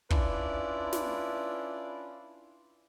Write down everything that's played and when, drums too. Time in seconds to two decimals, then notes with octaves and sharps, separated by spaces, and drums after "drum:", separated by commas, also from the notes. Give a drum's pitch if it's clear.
0.11 C#4 D4 E4 F4 B4 D5, drum: kick
0.93 drum: snare